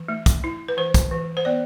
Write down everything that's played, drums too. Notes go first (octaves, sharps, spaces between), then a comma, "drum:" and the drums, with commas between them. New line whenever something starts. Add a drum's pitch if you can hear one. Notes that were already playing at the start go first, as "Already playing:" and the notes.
Already playing: E3
A3
drum: kick, hi-hat
E4
B4
E3 C5
drum: kick, hi-hat
E3
C5
B3 D5